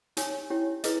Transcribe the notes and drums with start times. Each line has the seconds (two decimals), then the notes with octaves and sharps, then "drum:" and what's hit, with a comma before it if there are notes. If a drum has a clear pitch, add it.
0.17 D#4 G4 C#5 G#5, drum: hi-hat
0.50 C#4 E4 G4 C#5
0.84 E4 G#4 B4 D#5, drum: hi-hat